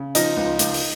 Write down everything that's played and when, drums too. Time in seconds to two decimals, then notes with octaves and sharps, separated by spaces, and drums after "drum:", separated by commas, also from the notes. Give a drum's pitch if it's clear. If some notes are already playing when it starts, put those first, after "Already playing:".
Already playing: C#3
0.15 F3 D#4 D#5, drum: hi-hat
0.37 C#2
0.59 C#2, drum: hi-hat
0.74 drum: open hi-hat